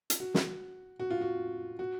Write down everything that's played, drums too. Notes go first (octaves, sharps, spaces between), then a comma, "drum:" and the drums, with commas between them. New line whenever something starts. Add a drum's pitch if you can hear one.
drum: hi-hat
F#4
drum: snare
F#4
F4
F#4
F#4